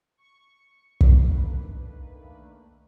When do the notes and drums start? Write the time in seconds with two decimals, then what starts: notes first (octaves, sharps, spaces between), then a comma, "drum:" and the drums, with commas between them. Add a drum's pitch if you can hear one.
0.17 C#6
1.01 A2 E3, drum: kick
1.20 D#3 A3 A#3 D4 B4